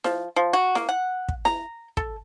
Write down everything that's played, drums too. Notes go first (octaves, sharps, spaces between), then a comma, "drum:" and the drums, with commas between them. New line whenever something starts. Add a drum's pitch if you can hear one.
F3, drum: snare E4
F3
F#4
A#3, drum: snare E4
F#5
drum: kick
A#5, drum: snare E4
A4, drum: kick